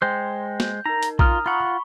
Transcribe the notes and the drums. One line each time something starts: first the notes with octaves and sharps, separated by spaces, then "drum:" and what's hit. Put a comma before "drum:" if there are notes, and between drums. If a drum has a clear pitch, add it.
G#3 C5 G5
G6, drum: snare
D#4 A#4 A#5
drum: hi-hat
F4 A#5 D#6 F6, drum: kick A#1
F4 F#5 B5 C#6